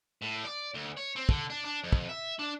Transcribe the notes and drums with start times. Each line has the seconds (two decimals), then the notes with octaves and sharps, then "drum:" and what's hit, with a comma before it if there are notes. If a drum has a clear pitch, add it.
0.22 A2
0.45 D5
0.74 D2
0.97 C#5
1.16 C4
1.29 D3, drum: kick
1.50 D4
1.65 D4
1.83 F2
1.92 drum: kick
2.09 E5
2.39 D4